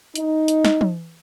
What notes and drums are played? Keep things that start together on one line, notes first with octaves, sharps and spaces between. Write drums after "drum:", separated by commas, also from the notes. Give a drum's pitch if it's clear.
D#4, drum: hi-hat
drum: hi-hat
drum: snare
drum: tom